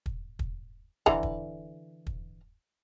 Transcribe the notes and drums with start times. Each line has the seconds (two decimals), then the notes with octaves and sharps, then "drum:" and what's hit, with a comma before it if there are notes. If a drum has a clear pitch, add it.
0.06 drum: kick
0.39 drum: kick
1.06 D3 E3 A#5, drum: kick
1.23 drum: kick
2.07 drum: kick